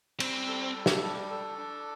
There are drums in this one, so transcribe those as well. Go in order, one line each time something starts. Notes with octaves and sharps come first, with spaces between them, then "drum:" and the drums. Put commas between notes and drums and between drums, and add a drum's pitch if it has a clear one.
G3 C4, drum: cymbal
A4
G3
drum: snare
D4
A4
D4